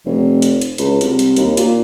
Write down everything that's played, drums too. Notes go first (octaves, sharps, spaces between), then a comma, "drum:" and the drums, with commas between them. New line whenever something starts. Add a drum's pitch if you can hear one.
F1
drum: hi-hat
drum: hi-hat
C#2, drum: hi-hat
C2, drum: hi-hat
drum: hi-hat
D#2, drum: hi-hat
A#2, drum: hi-hat